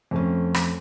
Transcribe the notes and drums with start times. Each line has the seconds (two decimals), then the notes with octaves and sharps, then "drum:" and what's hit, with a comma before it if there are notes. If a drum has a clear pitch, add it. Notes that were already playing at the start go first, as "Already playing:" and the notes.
0.11 F2 A3 C#4
0.54 drum: rim click